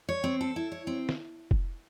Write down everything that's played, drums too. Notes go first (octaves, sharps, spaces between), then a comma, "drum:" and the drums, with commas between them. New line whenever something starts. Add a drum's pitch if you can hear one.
C#5
C4
A4
E4
C#5
C4
drum: snare
drum: kick F1